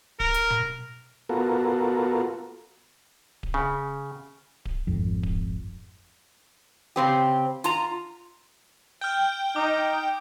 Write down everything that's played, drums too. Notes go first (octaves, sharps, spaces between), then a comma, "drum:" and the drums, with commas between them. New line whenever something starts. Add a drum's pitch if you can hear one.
A#4, drum: kick D1
drum: hi-hat
drum: tom B2
B3 F4 F#4 A4 A#4
drum: kick D1
C#3
drum: kick D1
G#1 F2
drum: kick D1
C#3 C4 G4
F4 A#5, drum: hi-hat
G5 F6 G6
D#4 D6